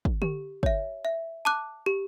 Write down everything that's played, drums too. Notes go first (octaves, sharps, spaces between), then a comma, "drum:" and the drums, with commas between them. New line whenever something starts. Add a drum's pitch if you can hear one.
drum: kick
G4, drum: tom D3
C#5 E5, drum: kick
E5
A5 D6 F#6
G4